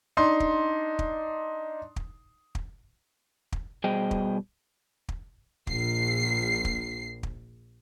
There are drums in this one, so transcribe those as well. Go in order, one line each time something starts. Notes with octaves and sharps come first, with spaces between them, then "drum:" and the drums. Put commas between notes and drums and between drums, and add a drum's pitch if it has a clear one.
D4 D#4 C6
drum: kick
drum: kick
drum: kick
drum: kick
drum: kick
B2 G3 G#4 C5 D#5 G5
drum: kick
drum: kick
A#1 C7, drum: kick
drum: kick
drum: kick